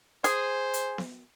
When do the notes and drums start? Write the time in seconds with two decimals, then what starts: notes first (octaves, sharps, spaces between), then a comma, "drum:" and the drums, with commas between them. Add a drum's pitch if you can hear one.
0.24 G#4 C5, drum: hi-hat
0.74 drum: hi-hat
0.98 drum: snare B3